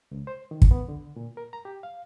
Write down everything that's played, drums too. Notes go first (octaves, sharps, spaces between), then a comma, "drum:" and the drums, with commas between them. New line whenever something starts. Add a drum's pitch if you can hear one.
C#2
C5
D#3
drum: kick
B3
D3
A#2
A#4
A#5
G4
F5